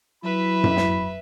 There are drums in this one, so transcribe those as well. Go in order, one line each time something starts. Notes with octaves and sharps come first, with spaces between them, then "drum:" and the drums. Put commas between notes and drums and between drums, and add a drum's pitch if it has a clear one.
F#3 E4 B4 E5 B5
drum: tom F#2
drum: snare